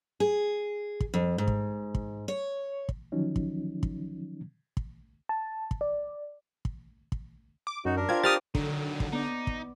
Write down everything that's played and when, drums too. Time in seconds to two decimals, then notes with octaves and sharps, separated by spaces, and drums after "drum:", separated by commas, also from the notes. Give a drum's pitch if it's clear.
0.20 G#4
1.00 drum: kick
1.14 F2
1.38 G#2
1.48 drum: kick
1.95 drum: kick
2.28 C#5
2.89 drum: kick
3.12 D3 D#3 F3 F#3 C#4 D#4
3.36 drum: kick
3.83 drum: kick
4.77 drum: kick
5.29 A5
5.71 drum: kick
5.81 D5
6.65 drum: kick
7.12 drum: kick
7.67 D6
7.85 F#2 D#4 F#4
7.96 D4 A#4
8.09 C4 F4 G#6
8.24 C4 G4 D#6 F6 A6
8.55 D3 D#3 F#3, drum: kick
9.00 drum: kick
9.12 B3 D#4 D5
9.47 drum: kick